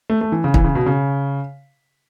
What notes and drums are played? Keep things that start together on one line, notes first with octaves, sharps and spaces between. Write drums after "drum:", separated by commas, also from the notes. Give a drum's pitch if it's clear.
A3
A3
E3
C#3
E3, drum: kick
C#3
B2
C#3